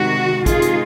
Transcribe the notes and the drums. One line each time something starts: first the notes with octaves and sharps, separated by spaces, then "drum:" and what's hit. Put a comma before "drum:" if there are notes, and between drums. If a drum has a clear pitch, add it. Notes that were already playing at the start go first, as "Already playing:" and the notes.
Already playing: C3 D#3 G#3 F#4
C3 D#3 G#3 D#4 F4 G#4, drum: kick, hi-hat
drum: hi-hat